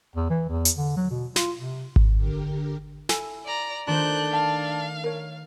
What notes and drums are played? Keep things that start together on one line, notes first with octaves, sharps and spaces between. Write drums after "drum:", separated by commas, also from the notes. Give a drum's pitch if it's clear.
E2
E3
E2
drum: hi-hat
D3
F#3
B2
F4, drum: snare
C3
drum: kick G#1
D3 G4 A#4
E4 A4 G#5, drum: snare
D5 A#5
D#3 A3 D4 F4 C5 F#6 G6
F5 A5
A#4 C#5